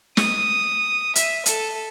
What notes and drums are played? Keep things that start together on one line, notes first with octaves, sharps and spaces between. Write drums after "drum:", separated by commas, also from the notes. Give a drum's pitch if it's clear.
D#6, drum: snare
E5, drum: hi-hat
A4, drum: hi-hat